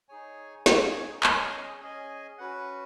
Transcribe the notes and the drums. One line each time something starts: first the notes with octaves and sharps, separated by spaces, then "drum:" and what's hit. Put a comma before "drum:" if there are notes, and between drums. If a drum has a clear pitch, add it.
D#4 G#4 C#5 G#5
D#4 G#4 C#5 G#5, drum: snare
C#4 G#4 D#5 G#5, drum: clap
C#4 G#4 D#5 G#5
C#4 F#4 B4 F#5